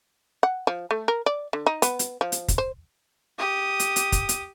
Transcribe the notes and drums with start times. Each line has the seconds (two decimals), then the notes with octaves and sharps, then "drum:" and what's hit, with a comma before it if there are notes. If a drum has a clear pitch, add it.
0.43 F#5
0.67 F3
0.91 A3
1.08 A#4
1.26 D5
1.53 D3
1.66 D#4
1.82 B3, drum: hi-hat
1.99 drum: hi-hat
2.21 F3
2.32 drum: hi-hat
2.48 drum: kick, hi-hat
2.58 C5
3.38 G4 D#6
3.80 drum: hi-hat
3.96 drum: hi-hat
4.12 drum: kick, hi-hat
4.29 drum: hi-hat